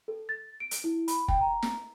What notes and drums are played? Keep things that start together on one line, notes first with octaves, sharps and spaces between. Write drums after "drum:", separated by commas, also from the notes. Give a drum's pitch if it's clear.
A4
A6
D7
drum: hi-hat
E4
B5, drum: hi-hat
G5, drum: kick
A#5
drum: snare